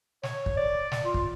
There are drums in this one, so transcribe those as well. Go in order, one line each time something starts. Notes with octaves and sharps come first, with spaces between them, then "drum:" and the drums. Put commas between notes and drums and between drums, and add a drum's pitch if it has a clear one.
C#5, drum: snare
drum: kick
D5
drum: snare
F4
drum: kick